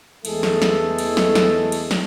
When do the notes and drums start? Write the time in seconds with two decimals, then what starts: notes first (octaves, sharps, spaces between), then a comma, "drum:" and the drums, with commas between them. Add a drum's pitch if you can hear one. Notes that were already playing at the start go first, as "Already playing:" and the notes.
0.25 E2 E3 G#3 A3 G#4 A4, drum: cymbal
0.43 drum: snare
0.62 drum: snare
0.99 drum: cymbal
1.17 drum: snare
1.35 drum: snare
1.72 drum: cymbal
1.91 drum: snare